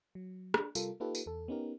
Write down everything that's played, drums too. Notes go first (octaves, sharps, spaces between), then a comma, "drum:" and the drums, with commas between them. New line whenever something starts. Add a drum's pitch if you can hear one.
F#3
D4, drum: rim click
C3 G3 F4 A4 A#4, drum: tambourine
A#3 D#4 F4 G4 A4 B4
drum: tambourine
E2 A4
B3 C#4 D#4 G4 A#4